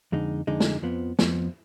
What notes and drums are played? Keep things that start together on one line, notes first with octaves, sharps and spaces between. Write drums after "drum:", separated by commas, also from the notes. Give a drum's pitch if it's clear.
F2 D3 G#3 D#4
F2 D3 G#3 D#4
drum: snare
F2 F3 B3
F2 F3 B3, drum: snare